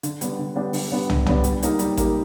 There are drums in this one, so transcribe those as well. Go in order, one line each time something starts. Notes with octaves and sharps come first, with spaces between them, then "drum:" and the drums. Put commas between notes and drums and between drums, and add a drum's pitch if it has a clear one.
D3, drum: hi-hat
G3 B3 D4, drum: hi-hat
D3
G3 B3 D4
D3, drum: open hi-hat
G3 B3 D4
D3, drum: tom
G3 B3 D4, drum: tom
G3, drum: hi-hat
A#3 D#4 G4 A#4, drum: hi-hat
G3, drum: hi-hat
A#3 D#4 G4 A#4, drum: kick A1, hi-hat